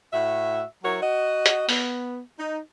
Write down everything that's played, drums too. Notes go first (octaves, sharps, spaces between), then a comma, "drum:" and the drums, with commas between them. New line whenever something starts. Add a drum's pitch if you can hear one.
A2 F#4 E5
F#3 E4 F#4 A#4 C#5
F#4 D#5
drum: hi-hat
B3, drum: open hi-hat
D#4